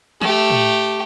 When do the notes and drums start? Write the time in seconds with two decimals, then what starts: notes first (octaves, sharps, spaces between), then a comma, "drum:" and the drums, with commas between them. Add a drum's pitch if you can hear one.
0.21 A3 G4, drum: snare
0.50 drum: tom A2